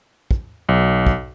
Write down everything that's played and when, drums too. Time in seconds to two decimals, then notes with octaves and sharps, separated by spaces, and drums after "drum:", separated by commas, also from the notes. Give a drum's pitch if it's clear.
0.31 drum: kick
0.69 B1
1.07 drum: kick